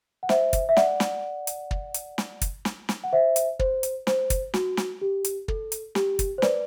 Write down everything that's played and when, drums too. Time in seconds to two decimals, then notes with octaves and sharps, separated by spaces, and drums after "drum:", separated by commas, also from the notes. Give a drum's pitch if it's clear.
0.23 F#5
0.29 C5 E5, drum: snare
0.53 drum: kick, hi-hat
0.69 E5
0.77 D5 F#5, drum: snare
1.00 drum: snare
1.47 drum: hi-hat
1.71 drum: kick
1.94 drum: hi-hat
2.18 drum: snare
2.41 drum: kick, hi-hat
2.65 drum: snare
2.89 drum: snare
3.04 F#5
3.13 C5 E5
3.36 drum: hi-hat
3.59 C5, drum: kick
3.83 drum: hi-hat
4.07 C5, drum: snare
4.30 drum: kick, hi-hat
4.54 F#4, drum: snare
4.77 drum: snare
5.02 G4
5.24 drum: hi-hat
5.48 A4, drum: kick
5.72 drum: hi-hat
5.95 G4, drum: snare
6.19 drum: kick, hi-hat
6.38 C5
6.42 B4 D5, drum: snare